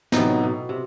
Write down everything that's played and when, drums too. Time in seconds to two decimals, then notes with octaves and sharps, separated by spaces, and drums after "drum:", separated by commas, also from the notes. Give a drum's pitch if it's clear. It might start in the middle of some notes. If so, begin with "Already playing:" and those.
0.12 A2 C3 F#3 B3 D#4, drum: snare
0.43 B2
0.69 C3